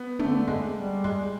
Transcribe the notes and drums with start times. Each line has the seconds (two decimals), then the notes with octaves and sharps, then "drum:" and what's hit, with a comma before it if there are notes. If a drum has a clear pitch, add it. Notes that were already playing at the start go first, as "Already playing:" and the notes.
Already playing: B3
0.19 D3 A3, drum: tom
0.48 G#3, drum: kick
0.77 G3
1.04 G#3, drum: kick